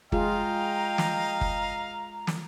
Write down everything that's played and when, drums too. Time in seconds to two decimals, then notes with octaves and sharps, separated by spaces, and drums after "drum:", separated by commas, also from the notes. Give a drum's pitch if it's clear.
0.12 G#3 F4 G#4 D#5 F5 G5 A#5, drum: kick
0.98 drum: snare
1.41 drum: kick
2.27 drum: snare